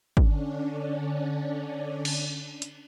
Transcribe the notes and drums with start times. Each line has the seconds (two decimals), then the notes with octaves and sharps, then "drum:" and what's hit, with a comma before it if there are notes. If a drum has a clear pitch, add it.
0.17 D3 C#4 D4, drum: kick
2.05 drum: cymbal
2.62 drum: hi-hat